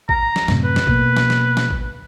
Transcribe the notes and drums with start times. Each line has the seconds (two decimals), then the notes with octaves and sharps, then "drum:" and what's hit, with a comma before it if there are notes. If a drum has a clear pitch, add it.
0.09 A#5, drum: kick A1
0.36 drum: snare
0.48 F#2 A2 C3, drum: snare
0.64 B4
0.76 drum: snare
0.87 B2 A#3, drum: kick A1
1.17 drum: snare
1.30 drum: snare
1.57 drum: snare
1.70 drum: kick A1